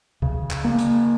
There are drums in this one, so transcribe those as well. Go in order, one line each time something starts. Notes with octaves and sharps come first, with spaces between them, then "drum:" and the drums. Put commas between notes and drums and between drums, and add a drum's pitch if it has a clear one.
C#3, drum: kick C#2
drum: clap
A#3
drum: hi-hat